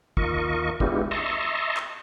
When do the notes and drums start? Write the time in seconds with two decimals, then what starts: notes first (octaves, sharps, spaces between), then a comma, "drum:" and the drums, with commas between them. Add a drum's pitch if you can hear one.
0.17 D#2 F4 A#4 D#5 C#6, drum: kick
0.80 G#3 B3 D4 E4 F4 G4, drum: kick
1.11 D#5 E5 A5 A#5 C6 C#6
1.77 drum: clap